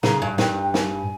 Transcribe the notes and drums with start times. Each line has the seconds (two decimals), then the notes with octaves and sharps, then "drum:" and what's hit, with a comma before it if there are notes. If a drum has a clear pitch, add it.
0.03 C#3 A#5, drum: snare
0.21 G2 G#5
0.38 G2 G5, drum: snare
0.62 G5
0.74 G#5, drum: snare